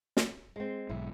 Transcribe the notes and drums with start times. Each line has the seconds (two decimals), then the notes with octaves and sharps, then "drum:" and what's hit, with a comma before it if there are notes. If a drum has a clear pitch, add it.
0.17 drum: snare
0.56 G#3 C4
0.89 B1 G#2 E4